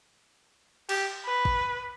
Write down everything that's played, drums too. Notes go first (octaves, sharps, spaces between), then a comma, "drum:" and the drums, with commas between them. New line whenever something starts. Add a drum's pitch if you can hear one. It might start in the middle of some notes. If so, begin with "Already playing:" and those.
G4, drum: cymbal
B4
drum: kick